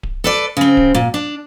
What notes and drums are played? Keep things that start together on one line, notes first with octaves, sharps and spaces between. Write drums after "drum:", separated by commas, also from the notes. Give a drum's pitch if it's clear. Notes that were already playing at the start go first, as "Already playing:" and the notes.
drum: kick D1
A4 B4 D5
C#3 C4
drum: kick D1
A#2
D4